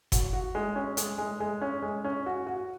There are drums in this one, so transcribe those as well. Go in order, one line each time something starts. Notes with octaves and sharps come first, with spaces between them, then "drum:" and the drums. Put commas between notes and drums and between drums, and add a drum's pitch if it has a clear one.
F#4, drum: kick F#1, hi-hat
F#4
G#3
C#4
G#3, drum: hi-hat
G#3
G#3
C#4
G#3
C#4
F#4
F#4